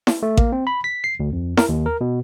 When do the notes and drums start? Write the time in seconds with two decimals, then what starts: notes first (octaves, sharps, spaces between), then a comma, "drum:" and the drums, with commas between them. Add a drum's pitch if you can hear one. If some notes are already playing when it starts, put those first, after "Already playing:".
0.07 drum: snare E4
0.23 A3
0.37 A#3, drum: kick A1
0.52 C4
0.67 B5
0.84 B6
1.04 C7
1.20 D2
1.33 F2
1.57 A#4, drum: snare E4
1.69 D#2
1.86 A#4
2.01 B2